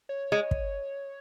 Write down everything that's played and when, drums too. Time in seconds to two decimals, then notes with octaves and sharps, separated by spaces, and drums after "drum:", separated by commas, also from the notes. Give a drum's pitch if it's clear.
0.09 C#5
0.32 G#3
0.51 drum: kick